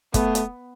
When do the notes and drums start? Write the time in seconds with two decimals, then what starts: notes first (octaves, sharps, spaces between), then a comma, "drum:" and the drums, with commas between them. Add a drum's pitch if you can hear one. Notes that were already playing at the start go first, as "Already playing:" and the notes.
0.14 A3 B3, drum: kick, hi-hat
0.35 drum: hi-hat